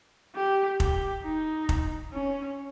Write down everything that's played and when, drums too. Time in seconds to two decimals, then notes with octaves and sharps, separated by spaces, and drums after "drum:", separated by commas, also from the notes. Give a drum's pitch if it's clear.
0.35 G4
0.80 G4, drum: kick
1.24 D#4
1.69 drum: kick
2.13 C#4